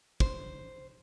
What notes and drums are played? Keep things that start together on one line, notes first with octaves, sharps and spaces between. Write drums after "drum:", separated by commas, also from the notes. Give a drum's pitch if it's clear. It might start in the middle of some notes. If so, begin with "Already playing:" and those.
C5, drum: kick